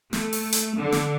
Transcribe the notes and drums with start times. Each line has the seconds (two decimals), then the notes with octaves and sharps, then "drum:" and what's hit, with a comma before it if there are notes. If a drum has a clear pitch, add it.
0.13 A3, drum: snare
0.33 drum: open hi-hat
0.53 drum: hi-hat
0.77 D3
0.92 drum: snare